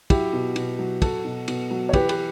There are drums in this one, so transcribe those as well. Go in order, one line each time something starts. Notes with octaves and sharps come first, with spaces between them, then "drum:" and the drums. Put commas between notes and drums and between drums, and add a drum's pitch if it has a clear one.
F#3 E4 G4, drum: kick, cymbal
B2
B2, drum: cymbal
F#3
F#3 F#4 A4, drum: kick, cymbal
B2
B2, drum: cymbal
F#3
C#5
E3 G4 B4, drum: kick, cymbal
G4 B4, drum: cymbal